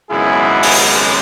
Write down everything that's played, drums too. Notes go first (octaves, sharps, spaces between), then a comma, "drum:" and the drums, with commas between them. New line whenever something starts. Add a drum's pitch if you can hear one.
G#1 F#2 C#3 G#3 B3 E4 G#4
drum: open hi-hat